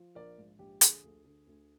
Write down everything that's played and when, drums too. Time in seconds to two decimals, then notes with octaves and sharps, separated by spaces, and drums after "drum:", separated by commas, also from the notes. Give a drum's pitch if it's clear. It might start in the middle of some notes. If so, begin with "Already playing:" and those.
Already playing: F3
0.15 A#1 A#4 D5
0.38 G#2
0.59 A#1 G4
0.81 D3 G#4, drum: hi-hat
1.03 D2
1.25 D3
1.47 D2